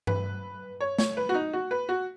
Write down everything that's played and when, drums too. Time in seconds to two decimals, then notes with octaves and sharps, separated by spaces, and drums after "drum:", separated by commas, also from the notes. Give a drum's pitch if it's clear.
0.07 B4, drum: tom G2
0.80 C#5
0.98 C#5, drum: snare
1.17 B4
1.29 F#4
1.34 D#4
1.53 F#4
1.71 B4
1.89 F#4